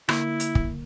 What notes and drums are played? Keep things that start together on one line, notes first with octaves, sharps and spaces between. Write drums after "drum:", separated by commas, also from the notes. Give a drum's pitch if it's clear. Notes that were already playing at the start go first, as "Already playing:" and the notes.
D3 A#3 E4, drum: rim click
drum: hi-hat
drum: kick